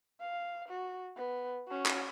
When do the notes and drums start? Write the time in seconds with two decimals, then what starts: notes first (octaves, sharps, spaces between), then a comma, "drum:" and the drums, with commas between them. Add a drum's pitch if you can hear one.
0.20 F5
0.68 F#4
1.16 B3
1.68 C#4 F#4
1.86 drum: clap